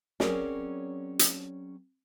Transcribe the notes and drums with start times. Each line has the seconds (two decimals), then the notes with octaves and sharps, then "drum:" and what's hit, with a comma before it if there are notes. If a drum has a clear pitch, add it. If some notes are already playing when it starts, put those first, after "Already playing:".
0.20 F#3 C4 C#4 G#4 A#4 D5, drum: snare
1.19 drum: hi-hat